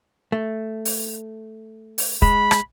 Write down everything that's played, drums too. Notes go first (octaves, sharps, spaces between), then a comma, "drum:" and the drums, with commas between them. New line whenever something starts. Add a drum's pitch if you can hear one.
A3
drum: open hi-hat
drum: open hi-hat
G#3 B5, drum: kick
drum: rim click